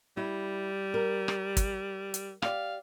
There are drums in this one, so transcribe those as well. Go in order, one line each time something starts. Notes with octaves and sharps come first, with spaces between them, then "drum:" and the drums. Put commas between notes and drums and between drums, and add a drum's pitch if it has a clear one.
G3 E4
A#4
drum: rim click
drum: kick, hi-hat
drum: hi-hat
G4 D5 F5, drum: rim click